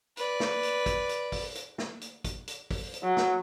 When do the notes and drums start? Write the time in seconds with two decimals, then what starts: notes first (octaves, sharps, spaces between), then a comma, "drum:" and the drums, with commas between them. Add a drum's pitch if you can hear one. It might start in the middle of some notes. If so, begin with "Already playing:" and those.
0.17 B4 D5, drum: hi-hat
0.40 drum: snare
0.63 drum: hi-hat
0.86 drum: kick, hi-hat
1.09 drum: hi-hat
1.32 drum: kick, open hi-hat
1.55 drum: hi-hat
1.78 drum: snare
2.01 drum: hi-hat
2.24 drum: kick, hi-hat
2.48 drum: hi-hat
2.71 drum: kick, open hi-hat
2.94 drum: hi-hat
3.04 F#3
3.17 drum: snare